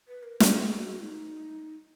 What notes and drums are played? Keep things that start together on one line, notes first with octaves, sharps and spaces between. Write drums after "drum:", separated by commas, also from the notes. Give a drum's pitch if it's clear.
B4
A#4
A#4, drum: snare
G#4
F#4
F4
D#4